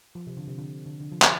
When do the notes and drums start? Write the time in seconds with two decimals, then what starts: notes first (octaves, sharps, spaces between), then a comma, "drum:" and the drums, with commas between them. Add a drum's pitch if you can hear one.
0.15 F3
0.27 C3
0.37 D3
0.48 C3
0.58 D3
0.86 D3
1.00 D3
1.12 F3
1.22 F3, drum: clap